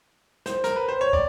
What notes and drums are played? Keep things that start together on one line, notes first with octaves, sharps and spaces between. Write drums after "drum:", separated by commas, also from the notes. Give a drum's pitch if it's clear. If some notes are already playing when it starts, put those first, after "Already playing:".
C5, drum: snare
A#4, drum: snare
B4
C5
C#5
D5, drum: kick